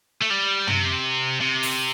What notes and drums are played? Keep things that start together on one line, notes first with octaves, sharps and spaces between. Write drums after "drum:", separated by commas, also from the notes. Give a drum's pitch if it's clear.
A3
G3
C3, drum: tom
C3
drum: open hi-hat